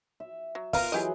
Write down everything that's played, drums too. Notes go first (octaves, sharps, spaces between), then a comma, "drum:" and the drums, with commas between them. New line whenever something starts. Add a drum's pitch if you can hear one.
E5
F#3
B3 F4 A#4 F5, drum: kick, open hi-hat
E3 F#3 E4 G4 G#4 D#5